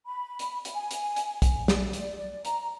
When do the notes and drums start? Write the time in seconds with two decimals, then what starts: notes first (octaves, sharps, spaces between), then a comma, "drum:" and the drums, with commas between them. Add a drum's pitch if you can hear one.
0.06 B5
0.39 drum: hi-hat
0.65 drum: hi-hat
0.75 G#5
0.91 drum: hi-hat
1.16 drum: hi-hat
1.42 drum: kick, hi-hat
1.68 D5, drum: snare
1.93 drum: hi-hat
2.45 A#5, drum: hi-hat